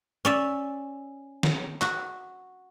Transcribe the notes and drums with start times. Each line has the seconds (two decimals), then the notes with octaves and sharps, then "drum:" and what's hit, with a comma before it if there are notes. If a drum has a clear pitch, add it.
0.25 C#4 D5 E5
1.43 drum: snare
1.82 F#4, drum: clap